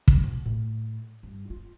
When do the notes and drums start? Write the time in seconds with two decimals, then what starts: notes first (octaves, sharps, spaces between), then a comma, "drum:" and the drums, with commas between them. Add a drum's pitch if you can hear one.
0.08 drum: kick
0.24 B2
0.46 A2
1.23 G2
1.50 F4